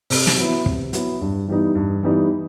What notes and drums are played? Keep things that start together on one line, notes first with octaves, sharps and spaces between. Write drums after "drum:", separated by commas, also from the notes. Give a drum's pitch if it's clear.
C3, drum: open hi-hat
drum: snare
F#3 B3 E4
C3, drum: kick
F#3 B3 E4, drum: hi-hat
G2
E3 G3 B3 D#4
G2
E3 G3 B3 D#4